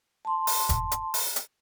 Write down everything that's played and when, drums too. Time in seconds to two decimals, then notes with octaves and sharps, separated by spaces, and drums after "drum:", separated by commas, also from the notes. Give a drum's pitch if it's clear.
0.25 A5 C6
0.47 drum: open hi-hat
0.69 drum: kick E1, hi-hat
0.91 drum: hi-hat
1.14 drum: open hi-hat
1.36 drum: hi-hat